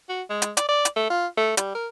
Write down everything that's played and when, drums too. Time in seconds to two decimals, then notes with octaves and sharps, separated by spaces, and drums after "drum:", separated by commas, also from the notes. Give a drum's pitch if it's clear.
0.09 F#4
0.30 G#3
0.42 drum: hi-hat
0.57 D5, drum: hi-hat
0.69 D5
0.85 drum: hi-hat
0.96 A3
1.10 F4
1.37 A3
1.57 G3, drum: hi-hat
1.75 A#4